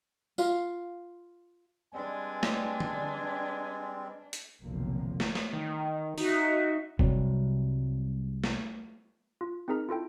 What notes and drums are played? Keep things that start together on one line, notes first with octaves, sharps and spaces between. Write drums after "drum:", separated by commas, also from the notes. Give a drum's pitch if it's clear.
F4 F5, drum: tambourine
G3 G#3 C4 D4 B4 D#5 G#5
drum: snare
drum: tom D3
drum: hi-hat
F1 B1 A2 D3 F3 A#3
drum: snare
drum: snare
D#3
D#4 F#4 E5, drum: open hi-hat
C2 C3 F#3 G3, drum: kick F1
drum: snare
F4
C4 D#4 G#4 A#4 A#5
E4 F4 A4 G5